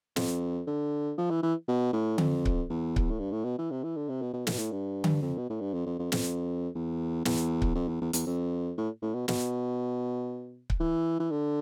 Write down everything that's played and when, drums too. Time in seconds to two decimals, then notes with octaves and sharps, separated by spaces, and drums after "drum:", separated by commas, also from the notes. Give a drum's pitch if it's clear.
0.16 F2, drum: snare
0.67 D3
1.18 F3
1.30 E3
1.43 E3
1.68 B2
1.93 A2
2.18 F2, drum: tom D3
2.46 drum: kick C#1
2.70 E2
2.96 drum: kick C#1
3.10 A2
3.19 G2
3.32 A2
3.45 B2
3.58 E3
3.71 C3
3.83 E3
3.96 D3
4.09 C3
4.22 B2
4.33 B2
4.47 A2, drum: snare
4.53 B2
4.59 A2
4.72 G2
5.04 drum: tom D3
5.22 F2
5.38 B2
5.50 A2
5.61 G2
5.73 F2
5.86 F2
5.99 F2
6.12 F2, drum: snare
6.75 E2
7.25 E2, drum: snare
7.62 drum: kick C#1
7.75 F2
7.88 E2
8.01 E2
8.13 E2, drum: hi-hat
8.27 F2
8.78 A2
9.02 A2
9.15 B2
9.28 B2, drum: snare
10.70 drum: kick C#1
10.80 E3
11.20 E3
11.31 D3